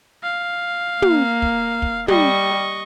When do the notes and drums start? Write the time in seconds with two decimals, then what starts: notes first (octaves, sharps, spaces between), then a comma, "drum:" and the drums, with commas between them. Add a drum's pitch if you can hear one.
0.23 F5
1.02 A#3, drum: tom
1.42 drum: kick
1.82 drum: kick
2.08 G3 D#5 C#6, drum: tom